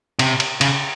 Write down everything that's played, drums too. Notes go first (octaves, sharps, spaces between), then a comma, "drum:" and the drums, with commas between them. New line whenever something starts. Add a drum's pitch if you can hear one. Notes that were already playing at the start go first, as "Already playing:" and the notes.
C3, drum: cymbal
drum: cymbal
C#3, drum: cymbal